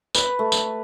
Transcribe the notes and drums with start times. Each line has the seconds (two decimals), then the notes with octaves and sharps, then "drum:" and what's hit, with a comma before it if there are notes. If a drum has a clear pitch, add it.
0.15 B4, drum: tambourine
0.39 A3
0.52 drum: tambourine